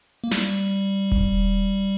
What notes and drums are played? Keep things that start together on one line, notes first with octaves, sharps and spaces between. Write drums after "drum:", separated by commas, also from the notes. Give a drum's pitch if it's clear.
A#3
G3, drum: snare
drum: kick E1